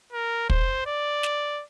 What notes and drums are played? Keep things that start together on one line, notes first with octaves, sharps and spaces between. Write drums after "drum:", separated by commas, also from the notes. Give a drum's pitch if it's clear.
A#4
C5, drum: kick
D5
drum: snare